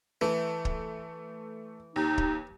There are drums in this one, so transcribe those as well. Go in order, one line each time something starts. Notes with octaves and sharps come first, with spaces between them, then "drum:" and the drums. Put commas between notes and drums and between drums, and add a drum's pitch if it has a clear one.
E3 A3
drum: kick
D#2 D#4
drum: kick